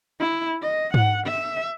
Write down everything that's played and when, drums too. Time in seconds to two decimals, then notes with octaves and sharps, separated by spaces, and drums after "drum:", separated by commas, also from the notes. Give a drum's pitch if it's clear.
0.20 E4
0.62 D#5
0.94 F#5, drum: tom G#2
1.27 E5